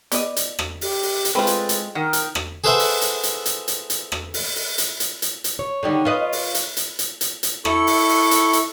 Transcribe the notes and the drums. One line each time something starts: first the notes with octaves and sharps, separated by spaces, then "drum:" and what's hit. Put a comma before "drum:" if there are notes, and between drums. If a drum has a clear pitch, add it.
B3 D5 D#5, drum: hi-hat
drum: hi-hat
drum: rim click
G4, drum: open hi-hat
drum: open hi-hat
drum: hi-hat
G#3 A3 C4 F4 B4
drum: hi-hat
drum: hi-hat
D#3 A#4 F#5
drum: hi-hat
drum: rim click
G#4 A4 B4 C5 E5 F#5
drum: open hi-hat
drum: hi-hat
drum: hi-hat
drum: hi-hat
drum: hi-hat
drum: hi-hat
drum: rim click
drum: open hi-hat
drum: open hi-hat
drum: hi-hat
drum: hi-hat
drum: hi-hat
drum: hi-hat
C#5
D3 D#3 G3
F4 B4 D#5
drum: open hi-hat
drum: hi-hat
drum: hi-hat
drum: hi-hat
drum: hi-hat
drum: hi-hat
E4 A4 C#6, drum: rim click
drum: open hi-hat
drum: open hi-hat
drum: hi-hat
drum: hi-hat